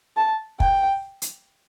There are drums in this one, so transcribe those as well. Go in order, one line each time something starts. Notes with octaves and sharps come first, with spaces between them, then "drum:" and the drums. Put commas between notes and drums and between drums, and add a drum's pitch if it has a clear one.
A5
G5, drum: kick
drum: hi-hat